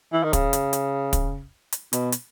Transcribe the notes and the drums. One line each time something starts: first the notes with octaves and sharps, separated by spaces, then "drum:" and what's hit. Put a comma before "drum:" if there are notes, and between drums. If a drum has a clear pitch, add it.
E3
D#3
C#3, drum: kick, hi-hat
drum: hi-hat
drum: hi-hat
drum: kick, hi-hat
drum: hi-hat
B2, drum: hi-hat
drum: hi-hat